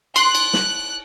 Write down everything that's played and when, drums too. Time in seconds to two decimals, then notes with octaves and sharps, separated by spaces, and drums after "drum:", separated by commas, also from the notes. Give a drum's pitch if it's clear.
0.16 C6 F#6, drum: cymbal
0.35 drum: cymbal
0.53 drum: snare